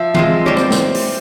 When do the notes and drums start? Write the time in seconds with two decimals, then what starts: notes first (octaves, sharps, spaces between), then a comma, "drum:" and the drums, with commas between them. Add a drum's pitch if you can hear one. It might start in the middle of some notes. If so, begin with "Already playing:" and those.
Already playing: F3 E5
0.15 G#3 C4 F4, drum: tom E3
0.46 G3 C4 G4 A#4 C#5
0.57 C5, drum: rim click
0.70 drum: snare
0.94 drum: open hi-hat